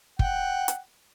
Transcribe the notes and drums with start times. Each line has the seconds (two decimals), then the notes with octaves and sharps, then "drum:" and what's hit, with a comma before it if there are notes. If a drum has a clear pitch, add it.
0.19 F#5 G5, drum: kick
0.68 drum: hi-hat